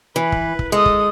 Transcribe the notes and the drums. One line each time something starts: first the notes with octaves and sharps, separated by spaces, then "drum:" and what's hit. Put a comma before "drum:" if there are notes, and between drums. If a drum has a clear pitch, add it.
E3 B4
drum: kick
drum: kick
G#3 A4 D#6
drum: kick